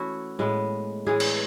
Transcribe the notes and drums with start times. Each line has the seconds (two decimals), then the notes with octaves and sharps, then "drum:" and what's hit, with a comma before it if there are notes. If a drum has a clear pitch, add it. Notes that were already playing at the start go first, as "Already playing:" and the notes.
Already playing: E3 A3 C#4 E4 F#4
0.39 A2 G#3 B3
1.06 A2 E3 G#3 G#4
1.20 drum: cymbal